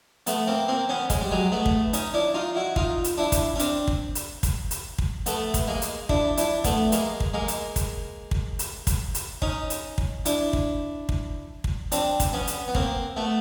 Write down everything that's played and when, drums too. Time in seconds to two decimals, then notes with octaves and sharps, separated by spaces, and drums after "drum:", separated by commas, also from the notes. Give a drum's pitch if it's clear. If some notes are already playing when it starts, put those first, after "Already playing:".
0.27 A3 B3, drum: hi-hat
0.47 A#3 C4
0.68 A#3 C4
0.89 B3 C#4
1.10 G#3, drum: kick, hi-hat
1.21 G3
1.31 F#3 G#3
1.52 A3 B3
1.66 drum: kick
1.93 C#4 D#4, drum: hi-hat
2.14 D4 E4
2.34 D#4 F4
2.55 E4 F#4
2.76 D#4 F4, drum: kick
3.04 drum: hi-hat
3.18 D4 E4
3.32 drum: kick, hi-hat
3.55 C#4
3.59 C4 D4, drum: hi-hat
3.88 drum: kick
4.15 drum: hi-hat
4.43 drum: kick, hi-hat
4.71 drum: hi-hat
4.98 drum: kick
5.26 A3 B3, drum: hi-hat
5.54 drum: kick, hi-hat
5.67 G#3 A#3
5.82 drum: hi-hat
6.09 D4 E4, drum: kick
6.37 D4 E4, drum: hi-hat
6.64 A3 B3, drum: kick, hi-hat
6.92 G#3 A#3, drum: hi-hat
7.20 drum: kick
7.34 G#3 A#3
7.48 drum: hi-hat
7.76 drum: kick, hi-hat
8.31 drum: kick
8.59 drum: hi-hat
8.87 drum: kick, hi-hat
9.15 drum: hi-hat
9.42 C#4 D#4, drum: kick
9.70 drum: hi-hat
9.98 drum: kick
10.25 D4 E4, drum: hi-hat
10.53 drum: kick
11.09 drum: kick
11.64 drum: kick
11.92 C4 D4, drum: hi-hat
12.20 drum: kick, hi-hat
12.33 B3 C#4
12.47 drum: hi-hat
12.68 B3
12.75 A#3 C4, drum: kick
13.17 A3 B3